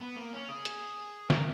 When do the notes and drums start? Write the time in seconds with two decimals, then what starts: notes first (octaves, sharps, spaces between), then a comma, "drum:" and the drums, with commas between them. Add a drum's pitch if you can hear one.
0.01 B3
0.17 A#3
0.33 C#4
0.49 G#4
0.65 drum: hi-hat
1.30 A#4, drum: snare